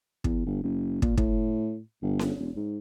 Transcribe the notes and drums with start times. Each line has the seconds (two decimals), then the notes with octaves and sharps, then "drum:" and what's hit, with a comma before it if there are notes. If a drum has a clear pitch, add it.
0.24 E2, drum: kick
0.46 G1
0.63 F#1
1.02 A#2, drum: kick
1.17 A2, drum: kick
2.02 G1
2.19 drum: snare C#4
2.39 E1
2.56 G#2